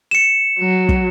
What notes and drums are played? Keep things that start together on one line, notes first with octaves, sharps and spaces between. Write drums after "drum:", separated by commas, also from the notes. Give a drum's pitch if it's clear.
C#7 E7
F#3
drum: kick